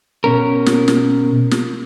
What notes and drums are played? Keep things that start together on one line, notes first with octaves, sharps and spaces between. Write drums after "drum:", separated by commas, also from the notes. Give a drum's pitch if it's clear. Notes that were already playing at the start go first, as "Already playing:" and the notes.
B2 C#4 A#4
drum: snare
drum: snare
drum: snare